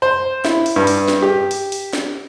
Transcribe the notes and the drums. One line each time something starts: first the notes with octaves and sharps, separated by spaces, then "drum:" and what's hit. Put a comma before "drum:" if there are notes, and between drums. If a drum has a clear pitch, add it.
C5
E4, drum: snare
drum: open hi-hat
G2
drum: open hi-hat
drum: snare
G4
drum: open hi-hat
drum: open hi-hat
drum: snare